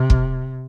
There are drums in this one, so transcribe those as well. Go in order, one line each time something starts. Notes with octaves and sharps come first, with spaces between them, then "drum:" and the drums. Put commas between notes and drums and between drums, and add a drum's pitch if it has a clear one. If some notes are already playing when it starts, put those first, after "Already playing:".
Already playing: C3
drum: kick